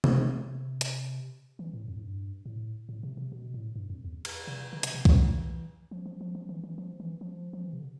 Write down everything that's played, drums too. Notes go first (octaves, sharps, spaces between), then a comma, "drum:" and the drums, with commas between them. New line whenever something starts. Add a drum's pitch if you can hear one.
drum: tom C3
B2
C3
drum: hi-hat
E3
A2
F2
A2
G2
A2
A2
C3
C3
B2
A2
G2
F2
E2
drum: cymbal
C3
D3
C3, drum: hi-hat
C3
E3, drum: kick
F3
F3
F3
F3
E3
E3
F3
E3
F3
F3
E3
C3
D3